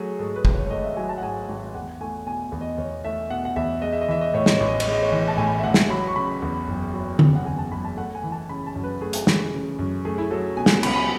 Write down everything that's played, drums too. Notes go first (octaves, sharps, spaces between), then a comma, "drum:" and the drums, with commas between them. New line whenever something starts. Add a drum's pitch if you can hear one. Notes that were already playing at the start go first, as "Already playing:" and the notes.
Already playing: F#3 A3 F#4 G#4
G#2 A4
B4
G#1, drum: kick
C#5
C#5
A3 D#5
E5
F#3 G#5
A5
F#5
G#2 G#5
G#1
E2 F#5
A3 G#5
B2 G#5
E2
D#5
E2 C#5
A3 E5
B2 F#5
F#5
E2 E5
G#3 D#5
E5
D#5
E3 E5
D#5
A2 C#5
D#5, drum: snare
A1 C#5
D#5
C#5, drum: cymbal
G#3
D#5
C#5
E3
A5
A2 G#5
E5
A1 F#5
drum: snare
F#3 B5
C#6
C#3 B5
E2
F#1
F#3
C#3, drum: tom D3
F#5
E2 G#5
A5
F#1 B5
A5
A3 F#5
G#5
E3
A5
C#3 B5
A5
F#2
B4
A3 G#4
drum: hi-hat
E3 G#4, drum: snare
C#3
F#2
A3 G#4
E4
F#3 A4
B2 G#5
drum: snare
C#2 B5, drum: cymbal
B5